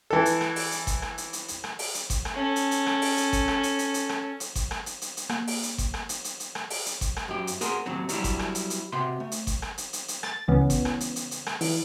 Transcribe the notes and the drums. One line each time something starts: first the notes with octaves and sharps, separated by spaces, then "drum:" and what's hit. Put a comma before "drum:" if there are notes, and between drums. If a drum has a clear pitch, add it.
E3 A4
drum: hi-hat
drum: rim click
drum: open hi-hat
drum: hi-hat
drum: kick G1, hi-hat
drum: rim click
drum: hi-hat
drum: hi-hat
drum: hi-hat
drum: rim click
drum: open hi-hat
drum: hi-hat
drum: kick G1, hi-hat
drum: rim click
C#4 A4
drum: hi-hat
drum: hi-hat
drum: rim click
drum: open hi-hat
drum: hi-hat
drum: kick G1, hi-hat
drum: rim click
drum: hi-hat
drum: hi-hat
drum: hi-hat
drum: rim click
drum: hi-hat
drum: kick G1, hi-hat
drum: rim click
drum: hi-hat
drum: hi-hat
drum: hi-hat
A#3, drum: rim click
drum: open hi-hat
drum: hi-hat
drum: kick G1, hi-hat
drum: rim click
drum: hi-hat
drum: hi-hat
drum: hi-hat
drum: rim click
drum: open hi-hat
drum: hi-hat
drum: kick G1, hi-hat
drum: rim click
F#2 G4
drum: hi-hat
F#4 G#4 A#4 C5, drum: hi-hat
D#2 A2 F#3 C4
F#3 G3 D4 E4, drum: hi-hat
drum: kick G1, hi-hat
drum: rim click
drum: hi-hat
drum: hi-hat
C3 F#4 C6
A3
drum: hi-hat
drum: kick G1, hi-hat
drum: rim click
drum: hi-hat
drum: hi-hat
drum: hi-hat
A6, drum: rim click
C#2 E3 B3 C#4
drum: kick G1, hi-hat
drum: rim click
drum: hi-hat
drum: hi-hat
drum: hi-hat
drum: rim click
E3, drum: open hi-hat